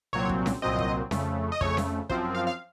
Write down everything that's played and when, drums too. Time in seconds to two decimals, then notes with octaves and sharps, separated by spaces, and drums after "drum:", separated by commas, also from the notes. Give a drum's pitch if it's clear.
0.13 C2 A#2 F#3 C4 C#5
0.29 drum: kick
0.46 drum: snare C#4
0.62 C2 A#2 F#3 C4 D#5
0.79 drum: kick
1.11 F2 C#3 A3, drum: snare C#4
1.52 D#5
1.61 F2 C#3 A3 C#5, drum: kick
1.77 drum: snare C#4
2.10 F#2 F3 C4 C5, drum: kick
2.35 F5
2.47 F5